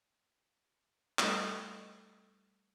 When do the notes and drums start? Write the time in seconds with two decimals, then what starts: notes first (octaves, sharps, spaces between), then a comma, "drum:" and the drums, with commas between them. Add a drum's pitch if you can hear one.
1.19 G3 A3 A4 D#5, drum: clap